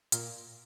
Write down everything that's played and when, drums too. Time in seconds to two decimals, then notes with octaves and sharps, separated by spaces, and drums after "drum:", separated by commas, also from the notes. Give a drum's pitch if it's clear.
0.12 A#2, drum: hi-hat